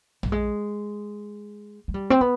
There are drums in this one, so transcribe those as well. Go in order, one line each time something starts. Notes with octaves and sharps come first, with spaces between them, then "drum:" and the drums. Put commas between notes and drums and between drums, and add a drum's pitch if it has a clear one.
G3, drum: tom A#1
G#3
G#3
G3
C4
B3